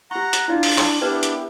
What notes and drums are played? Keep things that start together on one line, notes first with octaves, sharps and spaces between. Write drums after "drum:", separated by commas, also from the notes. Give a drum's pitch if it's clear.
G4 F#5 A#5 C#6
drum: hi-hat
D4 E4 F4 D5
drum: open hi-hat
drum: clap
B3 D4 E4 G4 A#4 B4 D5
drum: hi-hat